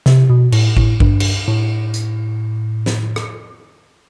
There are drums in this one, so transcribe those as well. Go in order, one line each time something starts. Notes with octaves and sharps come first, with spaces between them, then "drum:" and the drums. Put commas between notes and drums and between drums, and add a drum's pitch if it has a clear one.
C3, drum: snare
B2
A2, drum: cymbal
A2, drum: kick G#1
G2, drum: kick G#1
drum: cymbal
A2
drum: hi-hat
drum: snare
drum: rim click